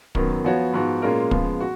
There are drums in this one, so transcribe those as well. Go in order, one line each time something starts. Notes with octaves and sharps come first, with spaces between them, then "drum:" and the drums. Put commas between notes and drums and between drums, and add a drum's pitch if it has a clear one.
F#2 D#3 F#3 B3, drum: kick
F3 B3 F#4 C#5
G#2 F3 B3 F#4
A#2 G#3 C#4 F4 A#4
C#3 F3 G#3 B3, drum: kick
F#4